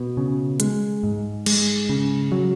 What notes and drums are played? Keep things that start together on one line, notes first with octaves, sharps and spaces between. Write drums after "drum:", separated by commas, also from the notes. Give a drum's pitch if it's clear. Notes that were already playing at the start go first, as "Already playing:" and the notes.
Already playing: B2
C#3
G#3, drum: hi-hat
G#2
G#3, drum: cymbal
C#3
F#3